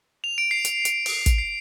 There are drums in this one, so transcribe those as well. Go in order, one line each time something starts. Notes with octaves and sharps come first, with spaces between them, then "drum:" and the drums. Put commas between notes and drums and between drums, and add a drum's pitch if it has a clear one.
F7
D7
C7
drum: hi-hat
drum: hi-hat
drum: open hi-hat
drum: kick, hi-hat
C7